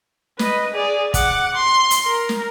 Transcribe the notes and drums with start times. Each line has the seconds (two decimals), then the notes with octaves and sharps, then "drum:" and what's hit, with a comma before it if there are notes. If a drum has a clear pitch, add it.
0.39 B4 D#5, drum: snare
0.74 G#4 D5
1.14 F#5 D6, drum: kick, hi-hat
1.54 C6
1.91 drum: hi-hat
2.05 A#4
2.29 drum: snare